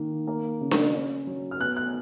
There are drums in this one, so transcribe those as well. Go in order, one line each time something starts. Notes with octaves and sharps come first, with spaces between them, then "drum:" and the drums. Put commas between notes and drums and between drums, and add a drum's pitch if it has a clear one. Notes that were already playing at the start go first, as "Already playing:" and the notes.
Already playing: D#3 A#3
A#3
C#3
drum: snare D4
C#4
F#3
F6
B3 F#6
F#6